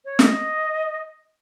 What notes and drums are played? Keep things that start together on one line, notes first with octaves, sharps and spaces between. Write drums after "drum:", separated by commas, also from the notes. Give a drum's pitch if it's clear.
C#5
D#5, drum: snare